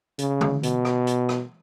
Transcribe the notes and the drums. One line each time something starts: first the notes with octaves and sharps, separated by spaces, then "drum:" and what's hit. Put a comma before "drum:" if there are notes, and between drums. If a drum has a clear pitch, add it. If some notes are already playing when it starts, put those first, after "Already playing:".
C#3, drum: hi-hat
drum: tom D3
B2, drum: hi-hat
drum: rim click
drum: hi-hat
drum: rim click